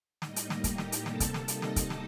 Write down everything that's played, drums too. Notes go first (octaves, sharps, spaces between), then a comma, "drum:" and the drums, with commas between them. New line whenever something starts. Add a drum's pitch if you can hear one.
A2 G3 A#3 D#4 D#5, drum: snare
drum: hi-hat
drum: snare
G4 G5, drum: kick, hi-hat
drum: snare
drum: hi-hat
C3 G3 A#3 A4 A5, drum: snare
drum: kick, hi-hat
drum: snare
D#4 D#5, drum: hi-hat
drum: snare
drum: kick, hi-hat
drum: snare